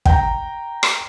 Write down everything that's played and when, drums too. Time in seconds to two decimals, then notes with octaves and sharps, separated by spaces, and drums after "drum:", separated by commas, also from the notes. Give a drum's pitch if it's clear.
0.05 G5 A#5, drum: kick
0.83 drum: rim click